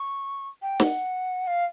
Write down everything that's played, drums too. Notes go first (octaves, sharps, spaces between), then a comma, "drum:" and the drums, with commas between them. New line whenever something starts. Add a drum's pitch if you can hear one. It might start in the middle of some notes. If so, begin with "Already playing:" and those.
Already playing: C#6
G5
F#5, drum: snare
F5